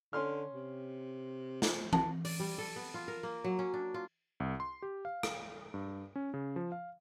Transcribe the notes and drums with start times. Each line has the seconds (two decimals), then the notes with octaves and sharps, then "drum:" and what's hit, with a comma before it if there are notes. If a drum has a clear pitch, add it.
0.13 D3 C#4 C6 F6
0.53 C3
1.62 F3, drum: snare
1.93 E3 A5, drum: tom E3
2.25 D5, drum: open hi-hat
2.40 G3
2.58 A4
2.76 B3
2.94 F4
3.08 A#4
3.23 A#3
3.44 F#3
3.59 C#4
3.74 D4
3.94 F4
4.40 C2
4.60 C6
4.82 G4
5.05 F5
5.23 drum: rim click
5.74 G2
6.16 C#4
6.34 C#3
6.56 F3
6.72 F5